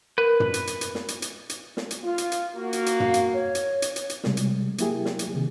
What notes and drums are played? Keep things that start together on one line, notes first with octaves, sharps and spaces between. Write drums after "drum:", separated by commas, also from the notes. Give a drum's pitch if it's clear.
A#4 B4
drum: tom
drum: hi-hat
drum: hi-hat
drum: hi-hat
drum: snare
drum: hi-hat
drum: hi-hat
drum: hi-hat
drum: snare
drum: hi-hat
F4
drum: hi-hat
drum: hi-hat
A#3 F#4
drum: hi-hat
drum: hi-hat
F5, drum: tom
drum: hi-hat
C#5
drum: hi-hat
drum: hi-hat
drum: hi-hat
drum: hi-hat
C3 G3 G#3, drum: snare
drum: hi-hat
F#3 A#3 E4 G4 G#4, drum: hi-hat
drum: snare
drum: hi-hat
C3 D#3 G#4